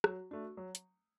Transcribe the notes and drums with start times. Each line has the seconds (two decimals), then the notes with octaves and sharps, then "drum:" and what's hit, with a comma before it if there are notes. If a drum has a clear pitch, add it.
0.04 F#3 F#4, drum: rim click
0.31 A3 D4 F#4
0.57 F#3
0.75 drum: hi-hat